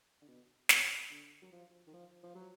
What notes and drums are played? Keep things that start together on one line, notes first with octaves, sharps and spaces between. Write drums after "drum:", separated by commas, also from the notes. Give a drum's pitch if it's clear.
D3
B2
B2, drum: snare
D3
F#3
F3
D#3
F3
F3
F#3